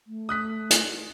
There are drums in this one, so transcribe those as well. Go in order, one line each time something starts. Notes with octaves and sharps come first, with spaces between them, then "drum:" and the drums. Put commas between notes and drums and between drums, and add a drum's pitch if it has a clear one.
A3
D#6 F#6 B6
drum: hi-hat